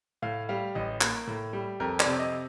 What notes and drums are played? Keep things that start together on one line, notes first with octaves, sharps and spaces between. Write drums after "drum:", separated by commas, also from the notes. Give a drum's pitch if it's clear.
A2 F5
G3 F5
A1 D#5
A#3, drum: clap
A2
G3
F2 A#4
D5, drum: clap
C3
D#5